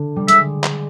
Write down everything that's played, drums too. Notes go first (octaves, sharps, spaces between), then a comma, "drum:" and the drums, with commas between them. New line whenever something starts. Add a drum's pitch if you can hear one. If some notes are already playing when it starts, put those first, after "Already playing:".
Already playing: D3
G3
G#3 E5, drum: hi-hat
drum: clap